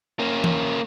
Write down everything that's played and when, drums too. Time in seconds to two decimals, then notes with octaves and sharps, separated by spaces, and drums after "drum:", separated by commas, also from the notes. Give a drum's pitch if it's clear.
0.19 A#3 C#4
0.44 drum: tom E3